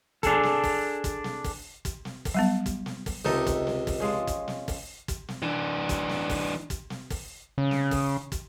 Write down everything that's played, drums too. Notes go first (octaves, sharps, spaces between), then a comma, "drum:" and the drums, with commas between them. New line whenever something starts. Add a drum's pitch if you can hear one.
D4 G#4 A4, drum: kick, hi-hat
drum: snare
drum: kick, open hi-hat
drum: kick, hi-hat
drum: snare
drum: kick, open hi-hat
drum: kick, hi-hat
drum: snare
drum: kick, open hi-hat
F#3 G3 B3
drum: kick, hi-hat
drum: snare
drum: kick, open hi-hat
C#2 C3 D#4 A4 A#4 D#5
drum: kick, hi-hat
drum: snare
drum: kick, open hi-hat
F3 G#3 C#4
drum: kick, hi-hat
drum: snare
drum: kick, open hi-hat
drum: kick, hi-hat
drum: snare
E3 D4
drum: kick, hi-hat
drum: snare
drum: kick, open hi-hat
drum: kick, hi-hat
drum: snare
drum: kick, open hi-hat
C#3
drum: snare
drum: kick, open hi-hat
drum: kick, hi-hat